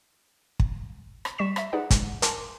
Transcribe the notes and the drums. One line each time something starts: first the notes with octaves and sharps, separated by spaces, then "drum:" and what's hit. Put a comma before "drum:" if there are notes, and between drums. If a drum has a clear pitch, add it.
drum: kick
drum: rim click
G3 D5 C#6 B6 E7
E5 B6, drum: rim click
D#4 G4 G#4 B4 D5 F#5
G#3, drum: kick, hi-hat
A#4 G#5 A5 C6 D6, drum: hi-hat